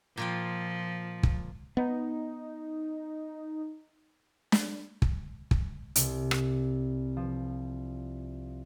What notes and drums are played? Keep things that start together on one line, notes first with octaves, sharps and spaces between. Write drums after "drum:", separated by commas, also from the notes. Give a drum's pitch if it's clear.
A#2 F3 F4 G5
drum: kick
B3 D#4
drum: snare
drum: kick
drum: kick
C2, drum: hi-hat
drum: rim click
F3